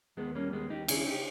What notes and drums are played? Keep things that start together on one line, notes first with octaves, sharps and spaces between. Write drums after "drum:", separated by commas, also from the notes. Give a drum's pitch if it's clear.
D#2 G#3 B3
G3 A#3 C#4
D#2 G#3 B3
D#2 D#4 G4
C#3 E4 G#4, drum: cymbal
D#4 G4